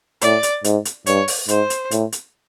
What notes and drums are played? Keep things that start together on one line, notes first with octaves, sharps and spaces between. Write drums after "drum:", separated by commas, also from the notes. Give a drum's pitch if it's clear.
A2 D5, drum: hi-hat
drum: hi-hat
G#2, drum: hi-hat
drum: hi-hat
G2 C#5, drum: hi-hat
drum: open hi-hat
G#2 C5, drum: hi-hat
drum: hi-hat
A2, drum: hi-hat
drum: hi-hat